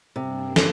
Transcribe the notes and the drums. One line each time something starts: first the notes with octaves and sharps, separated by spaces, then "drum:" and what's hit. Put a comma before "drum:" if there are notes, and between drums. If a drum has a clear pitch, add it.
G2 C3 G3 A#3 D4
D3, drum: snare